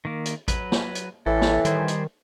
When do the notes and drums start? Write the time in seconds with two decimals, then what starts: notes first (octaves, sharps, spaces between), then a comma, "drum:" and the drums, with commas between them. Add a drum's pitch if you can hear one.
0.05 D#3 A#3
0.25 drum: hi-hat
0.48 F#3 B4, drum: kick A1, hi-hat
0.72 drum: snare
0.95 drum: hi-hat
1.26 A1 A2 E3 A4
1.42 drum: snare
1.65 D#3 G3 C5 G#5, drum: hi-hat
1.88 drum: hi-hat